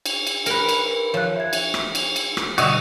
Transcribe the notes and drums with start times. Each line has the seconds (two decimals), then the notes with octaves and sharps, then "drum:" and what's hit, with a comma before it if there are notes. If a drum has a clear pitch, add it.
0.06 drum: cymbal
0.27 drum: cymbal
0.46 A#4 B4, drum: cymbal
0.69 drum: cymbal
1.14 F3 C#5 E6 F#6
1.37 E5 G#6
1.53 drum: cymbal
1.74 drum: rim click
1.95 drum: cymbal
2.16 drum: cymbal
2.37 drum: rim click
2.58 B2 D3 G3 F#4 D#5 E5, drum: cymbal